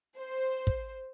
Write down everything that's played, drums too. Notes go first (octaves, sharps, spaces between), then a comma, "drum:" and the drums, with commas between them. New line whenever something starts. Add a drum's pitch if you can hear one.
C5
drum: kick